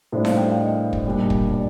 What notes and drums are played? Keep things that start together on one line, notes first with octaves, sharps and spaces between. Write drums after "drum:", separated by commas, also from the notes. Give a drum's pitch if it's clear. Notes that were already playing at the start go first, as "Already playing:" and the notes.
A2 G3 D4 C5
F5, drum: snare D#4
G5
F5
D#5
drum: kick
A#2 G3 D4
drum: kick
D5